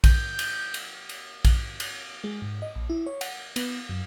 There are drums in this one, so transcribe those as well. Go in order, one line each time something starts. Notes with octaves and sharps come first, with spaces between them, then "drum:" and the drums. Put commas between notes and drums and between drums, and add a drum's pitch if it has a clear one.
G6, drum: kick A#1, cymbal
drum: cymbal
drum: cymbal
drum: cymbal
drum: kick A#1, cymbal
drum: cymbal
G#3
G#2
D#5
A#1
E4
C#5
F#5, drum: cymbal
B3, drum: cymbal
F#2